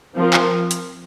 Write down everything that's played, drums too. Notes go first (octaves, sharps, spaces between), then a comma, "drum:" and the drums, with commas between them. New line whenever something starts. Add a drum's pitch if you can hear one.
F3 C4 F4 A#4
drum: clap
drum: hi-hat